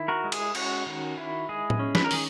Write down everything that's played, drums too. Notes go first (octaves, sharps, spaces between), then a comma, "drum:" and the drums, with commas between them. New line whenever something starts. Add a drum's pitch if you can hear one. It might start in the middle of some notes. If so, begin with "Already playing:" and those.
Already playing: D#3 E4
F#4 A#4
G#3
G#4, drum: cymbal
C#4 F#4, drum: cymbal
D#3
E4
G#3 G#4
drum: tom A2
C#4
B4, drum: snare
A#4
D#3 G#4, drum: open hi-hat